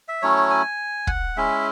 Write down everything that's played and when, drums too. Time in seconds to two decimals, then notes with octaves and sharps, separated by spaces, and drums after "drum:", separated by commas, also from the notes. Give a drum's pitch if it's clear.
0.08 E5
0.22 F#3 A3 C#4 E4 C#5
0.50 G#5
1.07 F#5, drum: kick
1.37 G#3 C#4 E4 E5